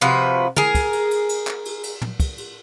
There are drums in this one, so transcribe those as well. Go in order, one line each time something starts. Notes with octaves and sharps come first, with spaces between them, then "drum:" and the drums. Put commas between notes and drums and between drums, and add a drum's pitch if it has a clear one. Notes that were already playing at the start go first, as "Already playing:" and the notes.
C3 F3 F#4 B4
G#4 A#4, drum: tom
drum: kick, cymbal
drum: cymbal
drum: cymbal
drum: cymbal
drum: clap
drum: cymbal
drum: cymbal
drum: tom
drum: kick, cymbal
drum: cymbal